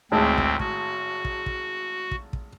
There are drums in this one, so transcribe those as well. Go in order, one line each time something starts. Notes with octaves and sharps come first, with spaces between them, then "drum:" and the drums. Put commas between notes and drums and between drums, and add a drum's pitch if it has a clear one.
G#1 D2 A2 G#3 C4
drum: kick
F#4, drum: kick
drum: kick
drum: kick
drum: kick
drum: kick